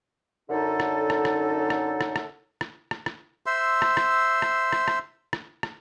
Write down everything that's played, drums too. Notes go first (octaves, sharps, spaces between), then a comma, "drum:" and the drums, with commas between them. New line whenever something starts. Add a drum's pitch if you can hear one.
F#2 D3 D#4 A4
drum: rim click
drum: rim click
drum: rim click
drum: rim click
drum: rim click
drum: rim click
drum: rim click
drum: rim click
drum: rim click
C5 E5 C6 E6
drum: rim click
drum: rim click
drum: rim click
drum: rim click
drum: rim click
drum: rim click
drum: rim click